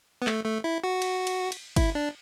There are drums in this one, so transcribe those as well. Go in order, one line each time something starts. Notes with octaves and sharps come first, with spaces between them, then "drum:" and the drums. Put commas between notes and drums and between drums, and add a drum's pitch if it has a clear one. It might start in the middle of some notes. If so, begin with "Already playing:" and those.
B3
A3, drum: clap
A3
E4
F#4
drum: cymbal
drum: cymbal
drum: cymbal
E4, drum: kick G1, cymbal
D4